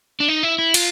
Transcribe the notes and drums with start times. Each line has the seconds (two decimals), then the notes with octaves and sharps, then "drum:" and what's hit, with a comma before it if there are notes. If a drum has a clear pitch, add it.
0.20 D4
0.28 D#4
0.43 E4
0.58 E4
0.74 F4, drum: cymbal